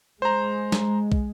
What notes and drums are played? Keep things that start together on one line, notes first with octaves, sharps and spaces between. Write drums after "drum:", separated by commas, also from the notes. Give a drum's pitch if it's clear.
G#3 C5 A#5
drum: snare
drum: kick